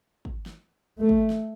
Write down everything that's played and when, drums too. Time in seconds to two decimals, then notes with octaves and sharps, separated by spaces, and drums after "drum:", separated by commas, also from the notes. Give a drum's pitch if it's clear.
0.25 drum: kick
0.46 drum: snare
0.99 A3
1.09 drum: kick
1.30 drum: snare